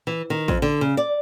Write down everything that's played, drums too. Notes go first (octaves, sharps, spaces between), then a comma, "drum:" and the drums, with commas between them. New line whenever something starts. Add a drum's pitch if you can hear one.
E3
D#3
F2, drum: kick A1
D3
C#3
D5